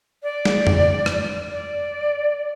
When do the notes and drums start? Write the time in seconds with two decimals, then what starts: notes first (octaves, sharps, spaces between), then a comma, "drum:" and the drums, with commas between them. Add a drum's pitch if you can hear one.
0.23 D5
0.45 drum: snare
0.67 drum: tom F2
1.06 drum: rim click
1.52 D5